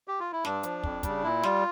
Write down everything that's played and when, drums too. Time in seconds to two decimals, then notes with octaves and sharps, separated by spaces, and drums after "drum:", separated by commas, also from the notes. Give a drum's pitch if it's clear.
0.08 G4
0.20 F4
0.32 E4
0.45 G2 D4, drum: snare
0.63 F3, drum: hi-hat
0.83 F2, drum: kick
1.03 C#3 G3, drum: kick, hi-hat
1.23 A#2 E4
1.43 G3 F4, drum: snare